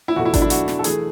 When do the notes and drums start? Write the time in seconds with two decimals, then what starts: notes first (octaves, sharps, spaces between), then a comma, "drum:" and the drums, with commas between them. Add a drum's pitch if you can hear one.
0.08 E4
0.16 E2 B2 A3 F#4
0.25 E4
0.34 D4, drum: kick G#1, hi-hat
0.42 E4
0.50 F#4, drum: hi-hat
0.68 drum: snare
0.79 A4
0.84 E3 A3 G#4, drum: hi-hat